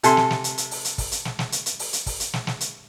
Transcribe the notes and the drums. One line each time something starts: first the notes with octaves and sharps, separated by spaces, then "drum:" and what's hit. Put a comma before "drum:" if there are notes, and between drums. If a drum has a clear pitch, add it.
C3 A4 G#5 A5 C6, drum: hi-hat
drum: snare
drum: snare
drum: hi-hat
drum: hi-hat
drum: open hi-hat
drum: hi-hat
drum: kick, open hi-hat
drum: hi-hat
drum: snare
drum: snare
drum: hi-hat
drum: hi-hat
drum: open hi-hat
drum: hi-hat
drum: kick, open hi-hat
drum: hi-hat
drum: snare
drum: snare
drum: hi-hat